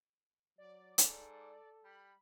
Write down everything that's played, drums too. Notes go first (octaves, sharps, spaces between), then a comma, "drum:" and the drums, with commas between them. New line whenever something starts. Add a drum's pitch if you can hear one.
F#3 D5
G#2 A4, drum: hi-hat
G3 B5